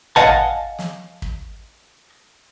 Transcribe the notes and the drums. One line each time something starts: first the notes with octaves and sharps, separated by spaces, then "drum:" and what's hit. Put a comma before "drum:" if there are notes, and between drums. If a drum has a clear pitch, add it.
D#5 F5 F#5 G#5 A5, drum: tom
drum: snare
drum: kick